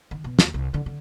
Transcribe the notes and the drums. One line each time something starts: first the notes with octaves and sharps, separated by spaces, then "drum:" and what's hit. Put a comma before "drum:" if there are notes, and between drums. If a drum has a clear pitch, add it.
D#3
B2
D#2, drum: snare
C2
D3
D3